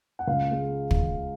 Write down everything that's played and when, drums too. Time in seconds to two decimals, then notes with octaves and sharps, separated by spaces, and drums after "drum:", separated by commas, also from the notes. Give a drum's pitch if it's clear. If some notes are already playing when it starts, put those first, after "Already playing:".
0.19 F#5
0.27 C#2 F5
0.51 G#3
0.91 drum: kick